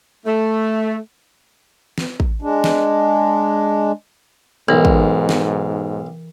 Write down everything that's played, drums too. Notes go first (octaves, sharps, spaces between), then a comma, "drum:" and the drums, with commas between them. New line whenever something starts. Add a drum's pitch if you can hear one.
A3
drum: snare
drum: kick
G#3 D4
drum: snare
B1 G#2 E3 A#4
drum: kick
drum: snare